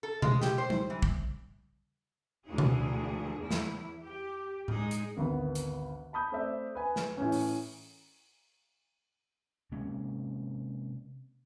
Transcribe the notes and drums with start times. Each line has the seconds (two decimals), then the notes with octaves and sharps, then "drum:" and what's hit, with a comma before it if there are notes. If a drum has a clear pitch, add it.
0.03 A4
0.22 G#3, drum: tom B2
0.41 G4, drum: snare
0.58 C5
0.70 drum: tom G3
0.90 E3
1.02 drum: kick
2.45 D2 E3 G#4
2.58 drum: tom B2
3.38 E2 E4
3.51 drum: snare
4.03 G4
4.68 G#3 D#4 G#4 D#5, drum: tom A2
4.91 drum: hi-hat
5.17 G#1 D2 B3
5.55 drum: hi-hat
6.13 A5 B5 D#6 G6
6.32 A3 C4 D5 E5
6.75 B4 G#5
6.96 drum: snare
7.17 A2 E3 C#4
7.32 drum: open hi-hat
9.72 C3 G#3 A#3 C#4